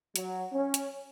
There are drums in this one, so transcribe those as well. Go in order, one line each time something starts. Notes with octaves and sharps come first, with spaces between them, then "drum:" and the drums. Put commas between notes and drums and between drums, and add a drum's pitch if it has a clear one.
F#3, drum: hi-hat
C#4
drum: hi-hat